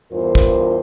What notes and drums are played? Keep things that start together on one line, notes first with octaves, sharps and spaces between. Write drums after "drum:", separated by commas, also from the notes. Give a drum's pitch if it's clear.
E2 G2 F4 A#4 C5
drum: kick